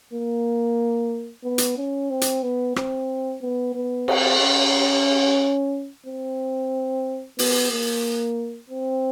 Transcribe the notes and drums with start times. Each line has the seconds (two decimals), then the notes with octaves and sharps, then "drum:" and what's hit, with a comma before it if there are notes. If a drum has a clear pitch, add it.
0.13 A#3
1.44 B3
1.58 drum: hi-hat
1.77 C#4
2.10 C4
2.21 drum: hi-hat
2.43 B3
2.76 C4, drum: rim click
3.42 B3
3.75 B3
4.08 C4, drum: cymbal
4.41 C#4
6.06 C4
7.39 B3, drum: open hi-hat
7.71 A#3
8.70 C4